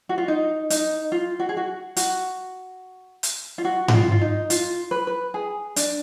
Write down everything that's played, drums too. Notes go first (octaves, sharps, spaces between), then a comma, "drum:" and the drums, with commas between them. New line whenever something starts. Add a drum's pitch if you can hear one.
F#4
F4
D#4
D#4, drum: hi-hat
F4
F#4
G#4
F#4
F#4, drum: hi-hat
drum: hi-hat
F4
F#4
F#4, drum: tom G#2
F4
F4
D#4
F4, drum: hi-hat
B4
B4
G#4
D4, drum: hi-hat